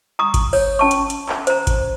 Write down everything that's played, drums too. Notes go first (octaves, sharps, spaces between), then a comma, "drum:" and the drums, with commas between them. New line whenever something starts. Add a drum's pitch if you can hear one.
A#5 C#6 D#6
drum: kick G#1, hi-hat
C#5, drum: open hi-hat
C#4 A5 C#6
drum: hi-hat
drum: hi-hat
drum: clap
C5 A#5, drum: hi-hat
drum: kick G#1, hi-hat